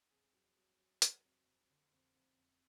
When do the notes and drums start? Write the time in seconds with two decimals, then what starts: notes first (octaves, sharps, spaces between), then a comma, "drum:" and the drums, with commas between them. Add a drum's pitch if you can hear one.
0.11 F2 G#4
0.34 F#3
0.57 F#3
0.79 F#3
1.02 F#3, drum: hi-hat
1.25 F2
1.47 F2
1.70 D3
1.93 F2
2.16 F2
2.38 F2